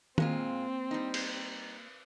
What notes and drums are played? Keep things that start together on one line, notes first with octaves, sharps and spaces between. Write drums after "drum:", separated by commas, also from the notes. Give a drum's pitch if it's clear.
A#2 G#3 A#3 C4 F4, drum: tom D#3
G3 D#4
drum: cymbal